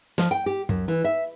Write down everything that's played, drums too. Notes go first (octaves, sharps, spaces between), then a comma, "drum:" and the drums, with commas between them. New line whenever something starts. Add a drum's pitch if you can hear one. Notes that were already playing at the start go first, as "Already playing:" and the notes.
F3, drum: snare
G5
G4
F#2, drum: kick
E3
E5